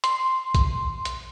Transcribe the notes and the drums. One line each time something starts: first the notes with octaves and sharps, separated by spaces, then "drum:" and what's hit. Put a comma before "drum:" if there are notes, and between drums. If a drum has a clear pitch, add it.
C6, drum: hi-hat
drum: kick A#1, hi-hat
drum: hi-hat